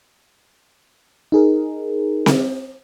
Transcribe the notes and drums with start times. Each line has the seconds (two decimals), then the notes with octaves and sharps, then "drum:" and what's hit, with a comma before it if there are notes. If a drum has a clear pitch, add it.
1.32 D#4 G#4 A#4
2.26 drum: snare C4